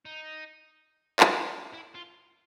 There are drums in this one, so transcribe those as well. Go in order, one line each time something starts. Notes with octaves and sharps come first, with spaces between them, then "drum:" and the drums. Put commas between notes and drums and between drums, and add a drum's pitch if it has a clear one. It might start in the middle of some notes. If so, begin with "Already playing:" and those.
D#4
drum: clap
E4
F4